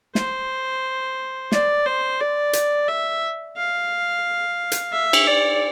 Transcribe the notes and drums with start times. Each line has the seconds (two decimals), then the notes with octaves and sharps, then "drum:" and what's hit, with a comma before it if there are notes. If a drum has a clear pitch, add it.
0.15 C5, drum: snare
1.52 D5, drum: snare
1.86 C5
2.20 D5
2.53 drum: hi-hat
2.88 E5
3.57 F5
4.72 drum: hi-hat
4.92 E5
5.13 drum: cymbal
5.27 D5